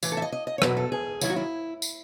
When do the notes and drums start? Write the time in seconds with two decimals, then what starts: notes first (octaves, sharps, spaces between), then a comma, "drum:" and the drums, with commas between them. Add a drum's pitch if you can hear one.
0.03 A2 E3, drum: tambourine
0.12 A4
0.17 E5
0.22 D#5
0.32 D#5
0.47 D#5
0.58 C#5
0.62 E2 B2 F#3 B4, drum: rim click
0.77 A4
0.92 G#4
1.21 D#2 D#3 F#3 E4, drum: tambourine
1.30 F#4
1.36 E4
1.82 drum: tambourine